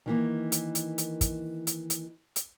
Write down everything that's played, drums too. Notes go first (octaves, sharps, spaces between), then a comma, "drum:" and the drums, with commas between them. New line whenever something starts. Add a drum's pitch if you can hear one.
D#3 E3 A#3
drum: hi-hat
drum: hi-hat
drum: hi-hat
drum: kick, hi-hat
drum: hi-hat
drum: hi-hat
drum: hi-hat